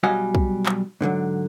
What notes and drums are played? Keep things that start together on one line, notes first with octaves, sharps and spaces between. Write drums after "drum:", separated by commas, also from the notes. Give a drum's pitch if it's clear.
B1 G3 F#4 D#5 F5 G#5
drum: kick
drum: clap
G#2 D3 D#3 F#3